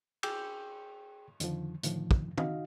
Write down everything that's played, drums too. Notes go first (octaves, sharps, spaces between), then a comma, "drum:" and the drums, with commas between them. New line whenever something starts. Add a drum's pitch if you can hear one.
G#4 G5 D6 E6 G6, drum: cymbal
F2 D3 D#3 F3, drum: hi-hat
A2 D3 D#3 F3, drum: hi-hat
drum: kick
D#4 F#4 D#5 F5, drum: tom